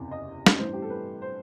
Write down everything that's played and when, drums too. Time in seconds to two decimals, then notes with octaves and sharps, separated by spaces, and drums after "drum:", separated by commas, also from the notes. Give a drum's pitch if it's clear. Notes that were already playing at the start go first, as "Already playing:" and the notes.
Already playing: F#1 E2 C3
0.11 D#5
0.46 drum: snare
0.58 A1 G2 E3 C5
0.73 G4
0.82 A4
0.90 B4
1.22 C5